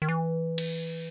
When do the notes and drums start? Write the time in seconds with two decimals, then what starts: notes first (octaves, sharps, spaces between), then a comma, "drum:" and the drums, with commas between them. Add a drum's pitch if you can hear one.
0.02 D#3
0.09 E3
0.58 drum: cymbal